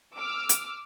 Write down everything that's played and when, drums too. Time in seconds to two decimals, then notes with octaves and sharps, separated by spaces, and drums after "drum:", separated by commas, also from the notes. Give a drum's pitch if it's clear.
0.16 D6 E6 F6
0.49 drum: hi-hat